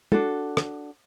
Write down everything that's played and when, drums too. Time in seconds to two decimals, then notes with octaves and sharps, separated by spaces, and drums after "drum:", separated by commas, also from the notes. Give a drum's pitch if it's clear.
0.12 D4 F#4 A4, drum: tom
0.57 drum: rim click